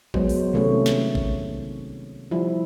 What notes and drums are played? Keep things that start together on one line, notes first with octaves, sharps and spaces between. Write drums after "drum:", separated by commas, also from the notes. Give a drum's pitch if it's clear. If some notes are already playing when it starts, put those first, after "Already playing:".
F#3 G#3 B3 C5, drum: kick A1
drum: open hi-hat
C3 D#3 A3 C#4 C#5
drum: snare
drum: kick A1
F3 G3 E4